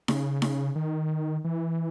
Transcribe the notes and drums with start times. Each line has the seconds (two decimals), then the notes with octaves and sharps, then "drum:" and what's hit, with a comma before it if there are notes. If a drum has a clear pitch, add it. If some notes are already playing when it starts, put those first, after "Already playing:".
0.08 C#3, drum: snare D#4
0.42 drum: snare D#4
0.76 D#3
1.44 E3